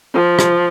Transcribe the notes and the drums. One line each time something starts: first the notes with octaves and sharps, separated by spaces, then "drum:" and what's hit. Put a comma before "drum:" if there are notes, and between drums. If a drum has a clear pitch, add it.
F3
drum: rim click